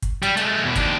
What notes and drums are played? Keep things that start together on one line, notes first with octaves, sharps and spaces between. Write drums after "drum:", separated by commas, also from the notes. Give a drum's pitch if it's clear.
drum: kick, hi-hat
G3, drum: hi-hat
G#3 A3, drum: hi-hat
E2 B2
D#2 D4, drum: kick, hi-hat